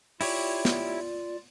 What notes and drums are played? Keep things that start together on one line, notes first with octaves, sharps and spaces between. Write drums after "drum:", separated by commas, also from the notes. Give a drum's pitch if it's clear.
E4 F4 G4 C#5 D5, drum: open hi-hat
drum: snare